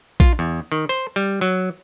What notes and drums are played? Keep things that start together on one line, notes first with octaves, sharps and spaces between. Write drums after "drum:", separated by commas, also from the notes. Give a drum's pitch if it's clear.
F4, drum: kick A#1
E2
D#3
C5
G3
F#3, drum: hi-hat